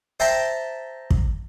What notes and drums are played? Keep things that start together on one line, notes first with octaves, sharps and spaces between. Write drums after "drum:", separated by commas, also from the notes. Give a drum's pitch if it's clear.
C5 E5 G5 A5 A#5 C6
drum: kick